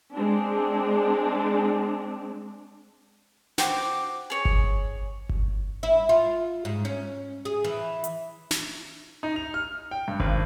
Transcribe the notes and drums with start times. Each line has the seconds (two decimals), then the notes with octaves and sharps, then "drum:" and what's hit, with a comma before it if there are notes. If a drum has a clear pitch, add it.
0.13 G#3 C4 D4
3.58 F#4 C5 G5 D6, drum: snare
4.30 G#4 C#5
4.45 drum: kick G1
5.29 drum: kick G1
5.83 E4
6.09 F4
6.65 G#2
6.85 C#4
7.45 G#4
7.64 E3
8.04 drum: hi-hat
8.51 drum: snare
9.23 D#4
9.36 F7
9.54 F6
9.91 G5
10.08 G2
10.20 G#1, drum: kick G1